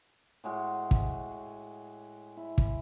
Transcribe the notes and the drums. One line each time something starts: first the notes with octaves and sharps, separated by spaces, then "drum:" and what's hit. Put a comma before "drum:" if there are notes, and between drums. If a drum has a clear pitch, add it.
A2 G#3 F#4
drum: kick
E4
drum: kick